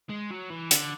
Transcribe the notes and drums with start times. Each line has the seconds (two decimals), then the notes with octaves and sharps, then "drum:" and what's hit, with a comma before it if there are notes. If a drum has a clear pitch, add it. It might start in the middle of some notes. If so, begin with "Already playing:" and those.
0.10 G#3
0.31 F#3
0.50 E3
0.71 D3, drum: hi-hat